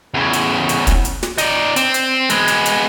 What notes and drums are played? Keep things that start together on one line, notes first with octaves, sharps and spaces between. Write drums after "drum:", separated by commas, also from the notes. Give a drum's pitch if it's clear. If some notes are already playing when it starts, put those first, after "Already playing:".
E2 C#3
drum: hi-hat
drum: hi-hat
drum: kick, hi-hat
drum: hi-hat
drum: snare
D#4 D5, drum: hi-hat
C4, drum: hi-hat
drum: hi-hat
G#3 B3, drum: hi-hat
drum: hi-hat
drum: hi-hat